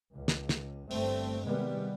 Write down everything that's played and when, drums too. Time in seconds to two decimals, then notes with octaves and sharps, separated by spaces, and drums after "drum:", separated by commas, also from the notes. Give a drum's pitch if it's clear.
0.15 C#2
0.28 drum: snare
0.49 drum: snare
0.91 G1 G2 A3 C4, drum: open hi-hat
1.45 C3 D#3 G3 G#3 B3